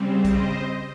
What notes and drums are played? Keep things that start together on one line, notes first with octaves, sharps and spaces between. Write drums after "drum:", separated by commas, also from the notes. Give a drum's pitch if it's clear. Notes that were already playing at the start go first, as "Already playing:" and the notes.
Already playing: C#3 G3 C4
C5 D#5, drum: kick A#1, hi-hat